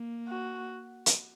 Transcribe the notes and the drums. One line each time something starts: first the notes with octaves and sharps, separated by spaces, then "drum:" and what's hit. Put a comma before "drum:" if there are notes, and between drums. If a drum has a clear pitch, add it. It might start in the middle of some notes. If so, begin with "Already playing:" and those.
Already playing: A#3
F#4
drum: hi-hat